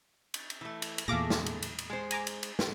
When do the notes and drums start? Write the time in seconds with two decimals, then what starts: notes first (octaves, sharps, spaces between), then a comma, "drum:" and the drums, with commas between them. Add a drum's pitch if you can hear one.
0.34 drum: cymbal
0.50 drum: cymbal
0.61 E3 A3
0.82 drum: cymbal
0.98 drum: cymbal
1.08 E2 A#2 A3 G#4 F5 D6 A#6
1.30 drum: snare
1.46 drum: cymbal
1.62 drum: cymbal
1.79 drum: cymbal
1.90 G#3 C5
2.11 G#5 A#5 D6, drum: cymbal
2.27 drum: cymbal
2.43 drum: cymbal
2.59 drum: snare